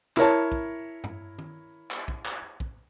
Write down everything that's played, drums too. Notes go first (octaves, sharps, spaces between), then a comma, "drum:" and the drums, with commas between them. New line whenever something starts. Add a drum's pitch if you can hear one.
E4 A#4 C#5 A5, drum: clap
drum: kick
drum: tom G2
drum: tom
drum: clap
drum: kick
drum: clap
drum: kick